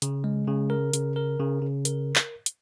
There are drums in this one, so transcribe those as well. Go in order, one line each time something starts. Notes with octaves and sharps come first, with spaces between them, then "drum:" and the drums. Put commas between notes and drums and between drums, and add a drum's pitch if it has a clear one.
C#3, drum: hi-hat
G#3
C#3
A#4
C#3, drum: hi-hat
A#4
C#3
C#3
A#4, drum: hi-hat
drum: clap
drum: hi-hat